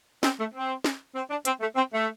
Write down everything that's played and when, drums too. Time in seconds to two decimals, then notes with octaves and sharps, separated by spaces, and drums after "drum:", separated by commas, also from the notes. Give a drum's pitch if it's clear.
0.23 C4, drum: snare
0.39 A3
0.54 C4
0.84 drum: snare
1.15 C4
1.30 D4
1.45 C4, drum: hi-hat
1.60 A3
1.76 C4
1.92 A3